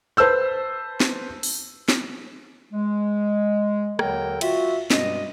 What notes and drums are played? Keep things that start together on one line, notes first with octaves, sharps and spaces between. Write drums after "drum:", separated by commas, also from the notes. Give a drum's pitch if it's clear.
B4 C5 A5 E6 G6
drum: snare
drum: open hi-hat
drum: snare
G#3
D#2 D3 F#3 A4 A#4 G5, drum: rim click
F4 F#4 E5, drum: cymbal
G2 B2 G3 G#3 D#5, drum: snare